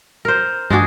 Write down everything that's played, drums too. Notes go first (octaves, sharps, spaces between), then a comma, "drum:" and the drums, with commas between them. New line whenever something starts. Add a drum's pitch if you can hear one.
A#4 C5
G#3 D4 F#4 G#4, drum: tom